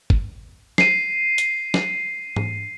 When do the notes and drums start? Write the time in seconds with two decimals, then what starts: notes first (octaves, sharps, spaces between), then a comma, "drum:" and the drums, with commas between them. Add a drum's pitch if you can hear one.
0.10 drum: kick
0.78 C7 D#7, drum: snare
1.38 drum: hi-hat
1.74 drum: snare
2.36 drum: tom G#2